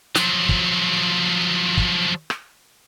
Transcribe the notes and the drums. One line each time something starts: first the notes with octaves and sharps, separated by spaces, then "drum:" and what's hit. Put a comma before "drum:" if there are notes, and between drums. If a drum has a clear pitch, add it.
F3 F#3, drum: snare
drum: kick
drum: kick
drum: rim click